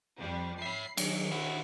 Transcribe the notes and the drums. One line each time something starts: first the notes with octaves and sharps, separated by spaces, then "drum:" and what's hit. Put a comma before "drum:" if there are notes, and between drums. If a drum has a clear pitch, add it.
F2 G3
C#5 E5 B5 C7
D#3 F#3, drum: cymbal
E4 F#4